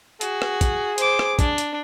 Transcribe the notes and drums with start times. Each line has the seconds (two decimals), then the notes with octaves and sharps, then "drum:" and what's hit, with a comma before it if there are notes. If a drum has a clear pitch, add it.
0.21 F#4 G#4, drum: hi-hat
0.42 drum: rim click
0.61 drum: kick, hi-hat
0.98 C5 D6, drum: hi-hat
1.19 drum: rim click
1.39 D4, drum: kick, hi-hat
1.58 drum: hi-hat